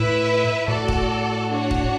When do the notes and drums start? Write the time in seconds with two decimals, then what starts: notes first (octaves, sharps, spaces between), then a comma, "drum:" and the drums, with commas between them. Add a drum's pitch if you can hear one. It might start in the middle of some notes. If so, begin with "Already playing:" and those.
Already playing: A2 E4 B4 E5
0.68 A2 F#4 A4 D5
0.88 drum: kick
1.50 D4 F#4 C#5 F#5
1.71 drum: kick